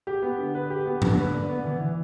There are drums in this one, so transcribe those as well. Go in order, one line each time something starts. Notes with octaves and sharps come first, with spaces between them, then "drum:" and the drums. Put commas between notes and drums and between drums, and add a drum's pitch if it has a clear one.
G4
B3
D3
B4
G4
B3
D3, drum: tom G#2
B4
D4
B3
E3
E3